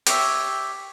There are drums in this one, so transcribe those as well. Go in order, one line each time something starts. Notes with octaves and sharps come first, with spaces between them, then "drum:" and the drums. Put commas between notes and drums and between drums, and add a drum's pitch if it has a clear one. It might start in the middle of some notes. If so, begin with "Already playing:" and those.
G4 C#5 E5, drum: hi-hat